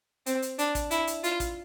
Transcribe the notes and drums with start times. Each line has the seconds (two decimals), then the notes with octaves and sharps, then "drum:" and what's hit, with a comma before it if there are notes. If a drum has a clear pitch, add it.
0.26 C4, drum: hi-hat
0.42 drum: hi-hat
0.59 D4, drum: hi-hat
0.75 drum: kick, hi-hat
0.91 E4, drum: hi-hat
1.07 drum: hi-hat
1.24 F4, drum: hi-hat
1.40 drum: kick, hi-hat